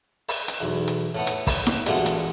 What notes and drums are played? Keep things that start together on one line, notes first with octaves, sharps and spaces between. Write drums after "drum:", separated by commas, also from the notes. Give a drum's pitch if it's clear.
drum: open hi-hat
drum: hi-hat
B1 E2
drum: hi-hat
A2 A3 B3
drum: hi-hat
drum: kick, open hi-hat
drum: snare E4
A1 G2 A#2 G#3 A3 F#4, drum: hi-hat
drum: hi-hat